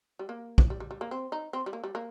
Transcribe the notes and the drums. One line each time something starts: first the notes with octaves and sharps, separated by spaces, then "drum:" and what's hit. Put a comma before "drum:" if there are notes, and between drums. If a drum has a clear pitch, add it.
G3
A#3
drum: kick
G3
G3
G3
A#3
C4
D#4
C4
G3
A#3
G3
A#3